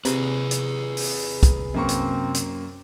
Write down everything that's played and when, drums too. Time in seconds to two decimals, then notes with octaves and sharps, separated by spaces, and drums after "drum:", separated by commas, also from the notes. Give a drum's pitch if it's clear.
0.05 C3 G#4 B4 A#5, drum: hi-hat
0.51 drum: hi-hat
0.97 drum: open hi-hat
1.43 drum: kick C2, hi-hat
1.74 F#2 A#3 C4 C#6
1.89 drum: hi-hat
2.34 drum: hi-hat